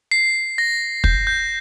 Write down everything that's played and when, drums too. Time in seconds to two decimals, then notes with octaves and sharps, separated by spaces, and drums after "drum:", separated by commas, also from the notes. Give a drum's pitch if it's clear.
0.11 C7
0.58 A#6
1.04 G6, drum: kick
1.27 G6